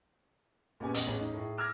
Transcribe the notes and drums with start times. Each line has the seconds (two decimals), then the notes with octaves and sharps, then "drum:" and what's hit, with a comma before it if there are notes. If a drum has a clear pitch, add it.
0.80 A#2 G#3 B3 C#4 G4 G#5
0.94 E2 D#5, drum: hi-hat
1.07 A1 C#4 G#4
1.20 D#4
1.34 A2 G#4
1.58 D6 E6 F6 G#6 A#6